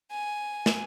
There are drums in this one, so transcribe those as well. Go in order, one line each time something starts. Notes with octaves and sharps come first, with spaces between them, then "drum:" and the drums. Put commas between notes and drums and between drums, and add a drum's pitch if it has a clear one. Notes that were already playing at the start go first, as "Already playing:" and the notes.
G#5
drum: snare